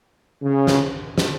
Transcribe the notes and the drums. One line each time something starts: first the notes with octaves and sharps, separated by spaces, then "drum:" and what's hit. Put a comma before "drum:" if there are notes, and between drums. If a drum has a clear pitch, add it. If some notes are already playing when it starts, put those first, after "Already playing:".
C#3
drum: snare
drum: snare